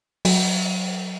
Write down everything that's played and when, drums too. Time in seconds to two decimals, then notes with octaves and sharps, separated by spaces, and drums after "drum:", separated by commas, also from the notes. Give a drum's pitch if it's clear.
0.25 F#3, drum: open hi-hat